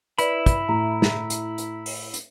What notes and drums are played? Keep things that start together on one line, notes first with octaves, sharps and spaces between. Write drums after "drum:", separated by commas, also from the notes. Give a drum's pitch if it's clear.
E4 B4 D5 B5, drum: hi-hat
drum: kick, hi-hat
A2 A#5
drum: snare
drum: hi-hat
drum: hi-hat
drum: open hi-hat
drum: hi-hat